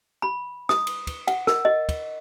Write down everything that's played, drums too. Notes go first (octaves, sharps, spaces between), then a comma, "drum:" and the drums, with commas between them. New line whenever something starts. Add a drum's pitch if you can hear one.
B5
D#6, drum: snare
drum: cymbal
drum: kick, cymbal
F#5, drum: cymbal
A#4, drum: snare
D#5
drum: kick, cymbal